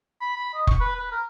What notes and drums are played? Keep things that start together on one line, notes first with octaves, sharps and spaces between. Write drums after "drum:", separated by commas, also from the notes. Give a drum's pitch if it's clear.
B5
B5
D#5
C#6, drum: kick F1
B4
B4
A#4